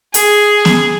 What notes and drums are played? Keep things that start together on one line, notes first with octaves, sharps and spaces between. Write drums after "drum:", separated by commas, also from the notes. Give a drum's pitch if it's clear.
G#4, drum: hi-hat
drum: snare B3